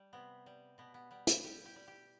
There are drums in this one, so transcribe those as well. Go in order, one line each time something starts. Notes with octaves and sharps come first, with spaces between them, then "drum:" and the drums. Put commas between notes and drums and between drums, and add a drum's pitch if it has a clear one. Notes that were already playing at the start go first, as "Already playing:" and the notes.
Already playing: G3
C3 B3
G3
B2 B3
B3
G3 B3
E4, drum: hi-hat
G3 G4
G4
G3
G4